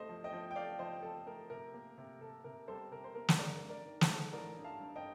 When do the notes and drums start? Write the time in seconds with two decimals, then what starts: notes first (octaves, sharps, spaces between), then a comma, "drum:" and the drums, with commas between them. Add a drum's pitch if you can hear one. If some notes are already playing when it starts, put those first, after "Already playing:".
Already playing: C2 A3 C5 D#5
0.09 F3
0.24 D#5 G5
0.33 F3
0.51 G5
0.56 A3 D5 F5
0.79 F3 C5 D#5
1.02 F3 A4
1.26 A3 A#4
1.50 C3 A#4
1.74 A#3
1.97 C3
2.21 C3 A4
2.44 C3 A#4
2.68 G3 A4 C5
2.92 C3 A#4
3.04 C5
3.15 A#3 A#4
3.28 drum: snare
3.38 G2 A#4 D5
3.62 G2
3.69 A#4 D5
3.85 D#3
4.01 A4 C5, drum: snare
4.09 A3
4.33 A1 A#4 D5
4.57 G2
4.64 F5 A5
4.80 G2
4.96 D#5 G5